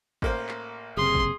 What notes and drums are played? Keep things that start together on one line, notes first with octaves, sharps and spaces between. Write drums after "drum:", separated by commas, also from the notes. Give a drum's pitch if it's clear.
A1 A#3 C5, drum: kick
drum: clap
F#1 C3 G#4 C6
drum: kick